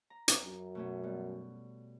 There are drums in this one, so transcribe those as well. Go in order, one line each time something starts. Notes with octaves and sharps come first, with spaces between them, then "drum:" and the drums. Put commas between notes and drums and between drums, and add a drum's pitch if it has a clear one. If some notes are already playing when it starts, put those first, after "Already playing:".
A#5
drum: hi-hat
F#2
B2 A3 C#4
G3 B3